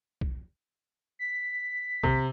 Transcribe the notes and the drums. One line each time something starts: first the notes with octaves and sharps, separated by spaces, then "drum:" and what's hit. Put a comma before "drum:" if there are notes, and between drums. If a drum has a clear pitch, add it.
drum: kick B1
B6
C3, drum: kick B1